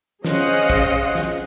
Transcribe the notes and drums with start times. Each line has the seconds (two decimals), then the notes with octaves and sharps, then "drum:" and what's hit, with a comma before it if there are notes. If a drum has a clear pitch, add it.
0.25 C#4 G#4 C5 D#5 F5 F#5, drum: snare
0.47 drum: tambourine
0.70 drum: kick, tambourine
1.15 drum: snare